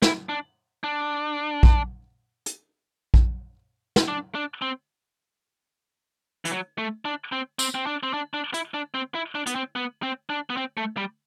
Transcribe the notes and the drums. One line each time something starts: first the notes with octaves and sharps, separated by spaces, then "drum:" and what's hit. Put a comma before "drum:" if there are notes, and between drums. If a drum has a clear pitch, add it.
E4, drum: snare
D4
D4
drum: kick A#1
drum: hi-hat
drum: kick A#1
drum: snare
D4
D4
C4
E3, drum: hi-hat
F#3
A3
D4
C4
C4, drum: tambourine
C4
D4
C4
D4
D4
E4, drum: hi-hat
D4
C4
E4
D4
B3, drum: hi-hat
C4
B3
C4
D4
B3
C4
A3
G3